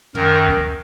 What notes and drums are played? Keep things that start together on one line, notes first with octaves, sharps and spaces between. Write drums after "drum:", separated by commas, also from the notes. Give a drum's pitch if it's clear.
F#2 D#3 A#4, drum: tom
drum: kick D2